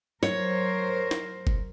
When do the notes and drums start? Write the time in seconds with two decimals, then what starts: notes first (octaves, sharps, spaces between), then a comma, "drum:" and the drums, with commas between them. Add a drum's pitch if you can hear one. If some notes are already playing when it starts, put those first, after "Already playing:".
0.23 F#3 A#4 C5 C#5, drum: snare
1.11 drum: snare
1.47 drum: kick F#1